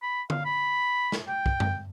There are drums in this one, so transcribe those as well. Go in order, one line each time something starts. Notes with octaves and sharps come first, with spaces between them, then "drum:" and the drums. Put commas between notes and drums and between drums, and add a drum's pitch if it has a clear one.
B5
F5, drum: tom D3
B5
drum: snare
G5
drum: kick
drum: tom F#2